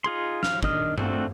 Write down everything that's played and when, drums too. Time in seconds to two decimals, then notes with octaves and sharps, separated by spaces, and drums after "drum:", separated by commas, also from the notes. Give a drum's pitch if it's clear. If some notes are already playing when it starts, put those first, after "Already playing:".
0.04 D#4 F4 G#4 C6
0.43 F5, drum: snare
0.63 D#3 D4 D#5 D#6 F6, drum: kick
0.98 A3 C4 D4 F4 F#4, drum: tom G2